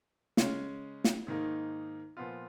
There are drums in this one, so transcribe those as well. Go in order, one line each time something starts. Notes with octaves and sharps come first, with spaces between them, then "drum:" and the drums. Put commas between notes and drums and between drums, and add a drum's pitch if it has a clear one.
C#3 G#3 C#4, drum: snare
drum: snare
G#2 D#3 A#3 D#4
A#2 F3 B3 F4